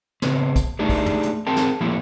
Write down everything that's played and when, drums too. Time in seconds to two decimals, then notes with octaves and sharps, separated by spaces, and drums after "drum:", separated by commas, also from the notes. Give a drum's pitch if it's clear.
0.22 C#3 B3 C4, drum: snare
0.56 drum: kick, hi-hat
0.79 A3 D4 D#4 G4 G#4
0.89 drum: kick, open hi-hat
1.06 drum: tom
1.23 drum: hi-hat
1.47 C4 G#4 A#4 G5 A5
1.56 drum: snare
1.81 F3 A3 A#3 E4 G4